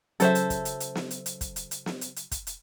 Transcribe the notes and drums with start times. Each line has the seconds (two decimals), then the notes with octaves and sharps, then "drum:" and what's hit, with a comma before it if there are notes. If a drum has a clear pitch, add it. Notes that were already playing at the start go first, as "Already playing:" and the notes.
0.20 C#3 F#3 A4 C5 E5, drum: hi-hat
0.35 drum: hi-hat
0.50 drum: kick, hi-hat
0.65 drum: hi-hat
0.80 drum: hi-hat
0.95 drum: snare
1.11 drum: hi-hat
1.26 drum: hi-hat
1.41 drum: kick, hi-hat
1.56 drum: hi-hat
1.71 drum: hi-hat
1.86 drum: snare
2.01 drum: hi-hat
2.16 drum: hi-hat
2.32 drum: kick, hi-hat
2.47 drum: hi-hat